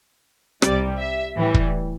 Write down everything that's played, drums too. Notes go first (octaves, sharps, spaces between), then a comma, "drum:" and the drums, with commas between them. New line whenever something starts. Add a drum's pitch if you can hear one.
C2 C3 G3 D5, drum: rim click
E5
A2 E3 G3
drum: kick